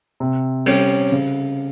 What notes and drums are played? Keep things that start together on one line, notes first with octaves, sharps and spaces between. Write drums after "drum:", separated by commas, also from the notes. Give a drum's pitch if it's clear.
C3
G3 C#4 G4, drum: cymbal
C#3